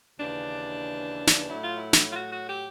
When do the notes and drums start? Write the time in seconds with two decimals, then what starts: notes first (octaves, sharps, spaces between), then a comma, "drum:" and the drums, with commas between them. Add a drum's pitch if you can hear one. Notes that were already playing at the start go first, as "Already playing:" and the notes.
0.18 D#2 C#3 E3 D4
1.27 drum: snare
1.49 A2 F#3 E4
1.64 F4
1.77 E4
1.93 drum: snare
2.11 F4
2.15 F#4
2.31 F#4
2.48 G4